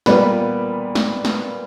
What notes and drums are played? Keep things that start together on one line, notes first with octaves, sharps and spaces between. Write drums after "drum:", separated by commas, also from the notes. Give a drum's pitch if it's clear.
A#2 G3 A#3 B3 B4, drum: snare
drum: snare
drum: snare